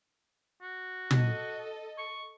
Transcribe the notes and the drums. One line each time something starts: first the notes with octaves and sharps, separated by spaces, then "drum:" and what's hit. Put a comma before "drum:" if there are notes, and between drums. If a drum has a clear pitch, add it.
F#4
A4 D#5, drum: tom
C#6